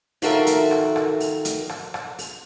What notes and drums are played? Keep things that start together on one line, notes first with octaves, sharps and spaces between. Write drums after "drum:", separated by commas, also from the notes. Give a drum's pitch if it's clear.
D#3 F4 F#4 A4 A#4 E5, drum: open hi-hat
drum: hi-hat
drum: rim click
drum: rim click
drum: open hi-hat
drum: hi-hat
drum: rim click
drum: rim click
drum: open hi-hat